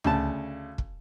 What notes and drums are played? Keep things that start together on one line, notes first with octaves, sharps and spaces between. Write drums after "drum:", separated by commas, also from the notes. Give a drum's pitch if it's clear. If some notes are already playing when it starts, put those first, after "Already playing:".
D2 C#3 A5, drum: tom C#2
drum: kick